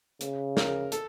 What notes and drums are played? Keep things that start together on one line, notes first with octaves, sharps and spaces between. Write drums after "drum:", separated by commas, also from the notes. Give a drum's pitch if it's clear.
C#3, drum: hi-hat
A#4, drum: snare
A4, drum: hi-hat